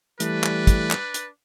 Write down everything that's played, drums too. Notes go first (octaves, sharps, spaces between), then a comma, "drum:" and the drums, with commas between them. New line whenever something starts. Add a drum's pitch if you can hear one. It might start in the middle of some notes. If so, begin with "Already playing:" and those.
E3 G3 A3 D4 B4, drum: hi-hat
drum: clap
drum: kick, hi-hat
drum: clap
drum: hi-hat